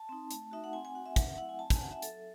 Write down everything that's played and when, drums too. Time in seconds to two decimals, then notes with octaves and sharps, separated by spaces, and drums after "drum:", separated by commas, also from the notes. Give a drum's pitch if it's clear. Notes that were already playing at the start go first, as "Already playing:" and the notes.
Already playing: A5
0.09 C4 D#4
0.31 A3, drum: hi-hat
0.51 D#4 F#4 E5
0.64 F#5
0.73 C4 G#5
0.85 G#5
0.95 F#4 F#5
1.06 E5
1.16 F#3 F#5, drum: kick, hi-hat
1.27 E5
1.38 A3 C4 E4 F#5
1.49 G#5
1.59 C4 A5
1.70 G#5, drum: kick, hi-hat
1.81 D#4 F#4 F#5
1.91 E5
2.02 F#3 A4, drum: hi-hat